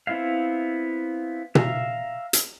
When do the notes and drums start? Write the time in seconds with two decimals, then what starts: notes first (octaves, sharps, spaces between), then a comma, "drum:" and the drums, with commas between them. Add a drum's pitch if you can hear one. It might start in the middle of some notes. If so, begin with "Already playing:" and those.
0.07 B3 C4 E4 E5 F5
1.55 E5 F5 A#5, drum: tom B2
2.33 drum: hi-hat